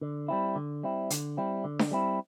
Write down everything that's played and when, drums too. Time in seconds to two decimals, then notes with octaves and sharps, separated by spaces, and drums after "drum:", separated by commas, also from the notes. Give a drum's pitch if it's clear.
0.01 D3
0.28 G3 C4 E4
0.56 D3
0.83 G3 C4 E4
1.10 D3, drum: hi-hat
1.37 G3 C4 E4
1.64 D3
1.79 drum: snare D4
1.91 G3 C4 E4